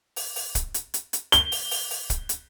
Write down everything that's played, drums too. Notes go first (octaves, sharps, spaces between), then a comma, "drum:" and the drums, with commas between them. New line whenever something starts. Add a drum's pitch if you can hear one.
drum: open hi-hat
drum: open hi-hat
drum: kick, hi-hat
drum: hi-hat
drum: hi-hat
drum: hi-hat
G7, drum: hi-hat
drum: open hi-hat
drum: open hi-hat
drum: open hi-hat
drum: kick, hi-hat
drum: hi-hat